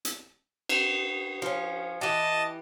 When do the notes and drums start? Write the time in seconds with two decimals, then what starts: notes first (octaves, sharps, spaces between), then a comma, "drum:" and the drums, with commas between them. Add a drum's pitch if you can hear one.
0.05 drum: hi-hat
0.69 drum: cymbal
1.42 F3 C#4
2.01 E3 G4 D#5 A5